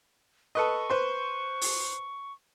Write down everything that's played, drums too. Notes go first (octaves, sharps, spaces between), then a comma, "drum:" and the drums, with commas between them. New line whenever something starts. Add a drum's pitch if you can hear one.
A4 B4 D#5 C#6
B4 C5 C6
drum: open hi-hat